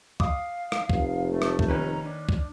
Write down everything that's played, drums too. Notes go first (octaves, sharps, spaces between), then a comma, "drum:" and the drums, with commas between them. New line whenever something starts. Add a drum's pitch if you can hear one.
F5 D6 D#6, drum: kick
drum: rim click
F1, drum: kick
A3
drum: rim click
drum: kick
D#2 C#4 B4 A#5
D4
drum: kick